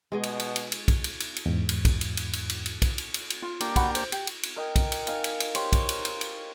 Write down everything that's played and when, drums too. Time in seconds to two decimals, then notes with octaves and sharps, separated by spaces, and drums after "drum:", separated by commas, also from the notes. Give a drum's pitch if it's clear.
0.12 B2 G#3 G#4 D#5
0.23 drum: cymbal
0.40 drum: cymbal
0.56 drum: cymbal
0.72 drum: cymbal
0.88 drum: kick, cymbal
1.04 drum: cymbal
1.20 drum: cymbal
1.36 drum: cymbal
1.46 E2 G#2
1.69 drum: cymbal
1.85 drum: kick, cymbal
2.01 drum: cymbal
2.17 drum: cymbal
2.33 drum: cymbal
2.50 drum: cymbal
2.66 drum: cymbal
2.82 drum: kick, cymbal
2.98 drum: cymbal
3.14 drum: cymbal
3.30 drum: cymbal
3.42 F4
3.60 A#3 D4 G4, drum: cymbal
3.76 F#4 F#5 B5, drum: kick, cymbal
3.95 C5, drum: cymbal
4.12 G4, drum: cymbal
4.27 drum: cymbal
4.43 drum: cymbal
4.56 A#4 D#5 G5
4.76 drum: kick, cymbal
4.92 drum: cymbal
5.07 D#4 F5 G#5, drum: cymbal
5.24 drum: cymbal
5.40 drum: cymbal
5.55 G4 C5 C#5, drum: cymbal
5.73 drum: kick, cymbal
5.89 drum: cymbal
6.05 drum: cymbal
6.21 drum: cymbal